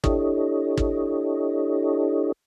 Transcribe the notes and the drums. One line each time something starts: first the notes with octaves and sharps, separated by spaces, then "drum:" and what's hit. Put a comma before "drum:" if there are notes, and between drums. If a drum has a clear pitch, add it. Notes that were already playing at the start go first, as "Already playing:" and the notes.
D4 E4 G4 A4 C#5 D#5, drum: kick
drum: kick